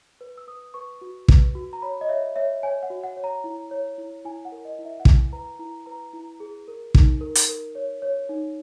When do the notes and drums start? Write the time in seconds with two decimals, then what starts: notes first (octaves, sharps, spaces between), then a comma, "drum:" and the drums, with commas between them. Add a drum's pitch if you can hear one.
0.21 B4
0.38 E6
0.47 B4 D#6
0.74 B4 C#6
1.01 F#4
1.28 B4, drum: kick
1.55 F#4
1.73 A#5
1.82 C#5 B5
2.01 D#5
2.09 C#5 E5
2.36 C#5 E5
2.63 C#5 G#5
2.83 F#5
2.90 F#4
3.03 F#5
3.17 C#5
3.24 A#5
3.44 E4
3.71 C#5
3.98 E4
4.25 E4 G#5
4.45 F#5
4.52 A#4
4.65 D#5
4.79 E4
4.85 E5
5.00 F#5
5.05 E4 G#5, drum: kick
5.32 B4 A#5
5.59 E4 A#5
5.86 B4 A#5
6.13 E4
6.40 G#4
6.68 A#4
6.95 D#4, drum: kick
7.21 A#4
7.35 drum: hi-hat
7.49 A#4
7.75 C#5
8.02 C#5
8.29 D#4